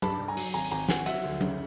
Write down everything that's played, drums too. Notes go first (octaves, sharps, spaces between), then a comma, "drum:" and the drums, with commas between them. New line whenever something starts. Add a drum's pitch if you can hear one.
G2 A5 B5, drum: tom F#3
G2
G#5 A#5
F#3, drum: open hi-hat
G#1 G#5 A#5
G#1 G#5 A#5, drum: hi-hat
G#1 F#5 G#5, drum: snare
F#3 E5 F#5, drum: hi-hat
D2
C#3, drum: tom F#3